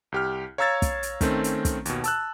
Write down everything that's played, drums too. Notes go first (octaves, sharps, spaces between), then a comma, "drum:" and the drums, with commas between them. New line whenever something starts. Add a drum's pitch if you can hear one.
C2 G4 F6
C#5 F5 A#5 E6 G#6 A6
drum: kick, hi-hat
drum: hi-hat
D#3 A3 C4 C#4, drum: kick, hi-hat
drum: hi-hat
drum: kick, hi-hat
D#2 B2, drum: hi-hat
A5 E6 F#6, drum: hi-hat